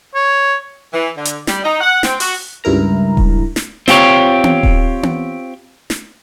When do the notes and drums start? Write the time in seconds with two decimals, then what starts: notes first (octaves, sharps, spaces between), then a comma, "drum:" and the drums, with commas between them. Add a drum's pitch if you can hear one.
0.15 C#5
0.93 E3
1.16 D3
1.25 drum: hi-hat
1.47 G3, drum: snare
1.64 D#4
1.80 F#5
2.03 C4, drum: snare
2.20 F#4, drum: open hi-hat
2.64 C#2 G2 E4 A#4 A#5
3.17 drum: kick D#1
3.56 drum: snare
3.88 C4 F4 G4 C#5, drum: snare
4.44 drum: tom B3
4.63 drum: kick D#1
5.03 drum: tom B3
5.90 drum: snare